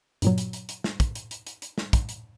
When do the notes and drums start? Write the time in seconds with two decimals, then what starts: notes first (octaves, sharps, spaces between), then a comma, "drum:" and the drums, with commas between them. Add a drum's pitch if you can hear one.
0.22 G2 A#2 F#3, drum: hi-hat
0.38 drum: hi-hat
0.53 drum: hi-hat
0.69 drum: hi-hat
0.84 drum: snare
1.00 drum: kick, hi-hat
1.15 drum: hi-hat
1.31 drum: hi-hat
1.47 drum: hi-hat
1.62 drum: hi-hat
1.78 drum: snare
1.93 drum: kick, hi-hat
2.09 drum: hi-hat